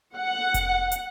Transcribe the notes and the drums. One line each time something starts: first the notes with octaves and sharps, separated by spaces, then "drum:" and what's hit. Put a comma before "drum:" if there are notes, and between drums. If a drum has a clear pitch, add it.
F#5
drum: kick F1, hi-hat
drum: hi-hat